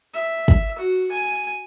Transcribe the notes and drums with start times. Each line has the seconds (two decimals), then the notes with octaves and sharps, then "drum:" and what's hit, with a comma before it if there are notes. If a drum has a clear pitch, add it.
0.14 E5
0.48 drum: kick
0.79 F#4
1.12 G#5